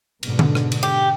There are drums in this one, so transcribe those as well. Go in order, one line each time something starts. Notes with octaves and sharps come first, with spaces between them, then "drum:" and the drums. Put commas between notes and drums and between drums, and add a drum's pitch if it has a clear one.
G#2 B2 D3, drum: cymbal
drum: tom D3
drum: rim click
drum: cymbal
G4